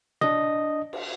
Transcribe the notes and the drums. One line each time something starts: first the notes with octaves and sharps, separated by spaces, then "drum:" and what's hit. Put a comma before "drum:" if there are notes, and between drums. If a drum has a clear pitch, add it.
D4 D#5, drum: tom
drum: cymbal